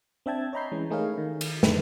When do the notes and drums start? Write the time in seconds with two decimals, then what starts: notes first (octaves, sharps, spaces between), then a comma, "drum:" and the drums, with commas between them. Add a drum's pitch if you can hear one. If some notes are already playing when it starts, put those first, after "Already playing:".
0.26 C4 D4 E5 G5 A5 G#6
0.53 C#5 D#5 A#5 B5 G6 C7
0.72 E3 G#3 C#4
0.90 A3 D#4 G#4 A#4 C#5 F5
1.18 D#3
1.41 drum: cymbal
1.63 F2 A2 D3 D#3 G#3 B4, drum: snare